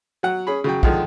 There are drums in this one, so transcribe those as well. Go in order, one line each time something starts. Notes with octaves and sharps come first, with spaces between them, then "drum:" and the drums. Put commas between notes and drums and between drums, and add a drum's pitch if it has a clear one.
F#3 F#5
C#4 G#4 B5
C#3 F#3 G5
D3 D#3 F3 G#3, drum: kick